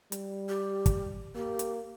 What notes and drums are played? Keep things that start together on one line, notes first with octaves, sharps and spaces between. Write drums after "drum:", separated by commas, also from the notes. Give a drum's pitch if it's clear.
G3, drum: hi-hat
G4
drum: kick, hi-hat
A#3 G4
drum: hi-hat